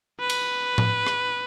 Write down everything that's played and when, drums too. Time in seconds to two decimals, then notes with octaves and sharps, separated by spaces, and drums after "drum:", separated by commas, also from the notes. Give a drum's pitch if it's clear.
0.20 B4
0.30 drum: cymbal
0.78 drum: tom A2
1.07 drum: rim click